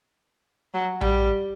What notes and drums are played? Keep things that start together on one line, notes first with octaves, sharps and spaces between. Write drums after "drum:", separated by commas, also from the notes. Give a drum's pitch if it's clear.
F#3
G3, drum: tom A#1